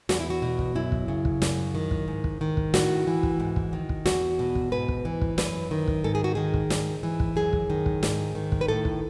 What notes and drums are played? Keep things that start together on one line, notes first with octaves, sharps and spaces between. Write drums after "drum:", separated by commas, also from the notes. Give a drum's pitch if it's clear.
E2 F#4, drum: snare
E4
F#4
B2
drum: kick
F#2 E4
drum: kick
C#3
drum: kick
F#2, drum: snare
D#3
drum: kick
G#2
drum: kick
D#3
drum: kick
A2 F#4, drum: snare
E3
drum: kick
G#2
drum: kick
D#3
drum: kick
E2 F#4, drum: snare
B2
drum: kick
G#2 B4
drum: kick
E3
drum: kick
F#2 B4, drum: snare
D#3
drum: kick
G#2 A4
G#4
F#4
D#3 G#4
drum: kick
G#2, drum: snare
E3
drum: kick
F#2 G#4
drum: kick
D#3
drum: kick
G#2, drum: snare
D#3
drum: kick
B4
A2 A4
drum: kick